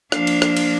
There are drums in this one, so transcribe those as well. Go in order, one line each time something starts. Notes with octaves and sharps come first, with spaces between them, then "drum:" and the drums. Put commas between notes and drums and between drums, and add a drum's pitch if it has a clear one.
F3 A#3 D4 F5, drum: rim click
drum: cymbal
drum: rim click
drum: cymbal